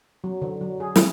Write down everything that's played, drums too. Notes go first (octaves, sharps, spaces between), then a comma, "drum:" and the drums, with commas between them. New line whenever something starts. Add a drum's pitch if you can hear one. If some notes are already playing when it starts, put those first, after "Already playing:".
F#3
D3
F#3
G#4
E4, drum: snare